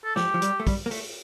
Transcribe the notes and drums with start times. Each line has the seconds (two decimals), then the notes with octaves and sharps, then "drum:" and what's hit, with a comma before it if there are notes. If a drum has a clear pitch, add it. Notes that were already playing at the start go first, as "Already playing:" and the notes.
0.05 A4
0.16 F3 G4, drum: snare
0.34 F3
0.42 G3, drum: hi-hat
0.60 A3
0.67 G3, drum: kick, open hi-hat
0.86 A#3
0.91 A3, drum: open hi-hat